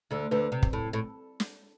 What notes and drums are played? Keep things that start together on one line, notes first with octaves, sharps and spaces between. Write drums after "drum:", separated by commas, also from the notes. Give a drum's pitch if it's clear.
D2 D3
D2 D3 B4
C3
drum: kick
A2
A2
drum: snare